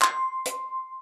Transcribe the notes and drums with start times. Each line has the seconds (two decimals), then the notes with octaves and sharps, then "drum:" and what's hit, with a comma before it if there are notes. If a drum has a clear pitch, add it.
0.02 C6, drum: clap
0.45 drum: hi-hat